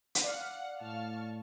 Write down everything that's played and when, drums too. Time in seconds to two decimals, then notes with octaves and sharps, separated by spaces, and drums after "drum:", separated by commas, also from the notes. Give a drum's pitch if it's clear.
0.15 drum: hi-hat
0.24 D5 F5 F#5
0.81 A2 A5 C#6 F6